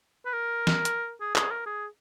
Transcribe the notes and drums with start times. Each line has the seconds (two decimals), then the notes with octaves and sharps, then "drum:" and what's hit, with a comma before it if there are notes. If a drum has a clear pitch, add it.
0.25 B4
0.33 A#4
0.67 drum: snare
0.85 drum: hi-hat
1.21 G#4
1.36 G#4, drum: clap
1.51 A#4
1.66 G#4